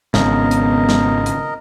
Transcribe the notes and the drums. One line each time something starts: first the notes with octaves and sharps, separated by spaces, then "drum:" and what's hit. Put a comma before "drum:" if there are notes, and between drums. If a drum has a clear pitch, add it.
G#1 C#3 B3 A#4 D#5, drum: snare
drum: hi-hat
drum: snare
drum: hi-hat